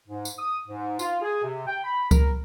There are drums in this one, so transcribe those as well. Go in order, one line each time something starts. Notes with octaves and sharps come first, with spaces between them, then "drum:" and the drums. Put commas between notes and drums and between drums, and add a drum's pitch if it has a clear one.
G#2
drum: tambourine
D#6
G#2
F4, drum: tambourine
G#4
C3
G5
B5
A#4, drum: kick C#2, tambourine